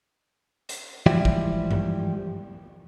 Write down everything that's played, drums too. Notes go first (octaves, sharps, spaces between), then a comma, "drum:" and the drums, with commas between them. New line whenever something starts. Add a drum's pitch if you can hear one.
drum: hi-hat
G#2 E3 F3 G3 E4 G4
drum: kick
drum: tom G2